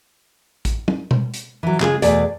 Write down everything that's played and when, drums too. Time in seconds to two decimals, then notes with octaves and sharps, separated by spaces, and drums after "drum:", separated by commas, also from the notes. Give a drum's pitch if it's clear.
0.65 drum: kick, hi-hat
0.88 drum: tom
1.11 drum: tom B2
1.34 drum: hi-hat
1.63 E3 F#3
1.80 C#3 G#3 F4 G#4, drum: clap
2.02 E2 B2 A3 G#4 D5, drum: hi-hat